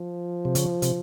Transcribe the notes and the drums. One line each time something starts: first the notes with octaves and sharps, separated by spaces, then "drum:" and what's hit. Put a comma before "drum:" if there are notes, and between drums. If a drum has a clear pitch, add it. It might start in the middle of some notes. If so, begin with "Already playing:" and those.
Already playing: F3
C3
C#3, drum: hi-hat
C3, drum: hi-hat